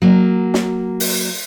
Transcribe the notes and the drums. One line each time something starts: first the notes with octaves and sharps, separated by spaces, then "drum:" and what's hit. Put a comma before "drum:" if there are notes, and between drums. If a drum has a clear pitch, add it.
F#3 A#3
drum: snare
drum: open hi-hat